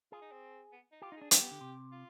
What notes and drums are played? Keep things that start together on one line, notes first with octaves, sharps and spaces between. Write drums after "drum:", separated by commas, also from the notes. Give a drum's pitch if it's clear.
F4 G#4
D#4
C4
B3
D#4
F4 G4
D#4
D4 G#4
D4 G4, drum: hi-hat
B3
D3
C3
F4